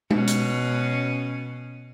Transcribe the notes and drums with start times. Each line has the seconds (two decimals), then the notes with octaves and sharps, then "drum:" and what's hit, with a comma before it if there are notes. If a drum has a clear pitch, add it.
0.11 B2 C#4, drum: tom G#3
0.27 drum: hi-hat